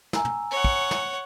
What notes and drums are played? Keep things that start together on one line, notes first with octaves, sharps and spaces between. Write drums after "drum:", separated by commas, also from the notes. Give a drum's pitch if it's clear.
G#5 A#5 E6, drum: snare
drum: tom
C#5 F#5
drum: kick
drum: snare